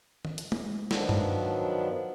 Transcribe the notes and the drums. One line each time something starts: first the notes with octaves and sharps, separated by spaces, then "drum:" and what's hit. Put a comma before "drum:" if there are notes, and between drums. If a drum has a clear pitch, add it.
drum: tom D#3
drum: hi-hat
drum: tom G#3
D#3 F3 F#3 B3 D4, drum: snare
drum: tom G2